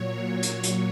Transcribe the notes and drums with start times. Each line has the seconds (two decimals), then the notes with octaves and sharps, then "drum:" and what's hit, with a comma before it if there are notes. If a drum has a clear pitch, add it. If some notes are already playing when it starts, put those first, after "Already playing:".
Already playing: A#2 F#3 C#5
0.43 A#2 F#3, drum: hi-hat
0.63 drum: hi-hat